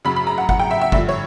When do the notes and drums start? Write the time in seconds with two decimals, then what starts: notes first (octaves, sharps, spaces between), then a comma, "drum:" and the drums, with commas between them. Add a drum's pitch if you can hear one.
0.05 F#2 C#3 F#3 B5
0.16 B5
0.27 A#5
0.38 F#5
0.49 F#5, drum: kick G1
0.59 G5
0.71 E5
0.81 E5
0.92 G2 D3 F3 E5, drum: kick G1
1.09 C#5